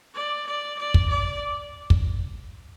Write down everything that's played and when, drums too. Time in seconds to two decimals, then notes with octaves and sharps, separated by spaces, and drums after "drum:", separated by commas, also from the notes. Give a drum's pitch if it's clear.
0.15 D5
0.47 D5
0.79 D5
0.94 drum: kick
1.10 D5
1.90 drum: kick